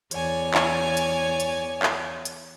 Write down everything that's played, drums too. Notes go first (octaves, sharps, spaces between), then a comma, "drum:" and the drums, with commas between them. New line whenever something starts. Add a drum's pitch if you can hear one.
E2 C#5 D5 G#5, drum: hi-hat
drum: clap
drum: hi-hat
drum: hi-hat
drum: clap
drum: hi-hat